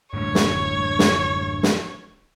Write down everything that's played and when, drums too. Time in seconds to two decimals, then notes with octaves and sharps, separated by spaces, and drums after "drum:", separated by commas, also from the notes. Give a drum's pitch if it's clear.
0.14 F#2 A2 D3 C#5
0.35 drum: snare
0.99 drum: snare
1.63 drum: snare